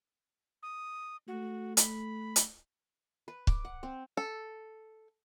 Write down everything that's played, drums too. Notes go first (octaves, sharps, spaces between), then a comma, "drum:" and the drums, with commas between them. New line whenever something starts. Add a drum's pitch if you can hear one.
D#6
A3 F#4
B5, drum: hi-hat
drum: hi-hat
B4
D6, drum: kick C#1
F#5
C4
A4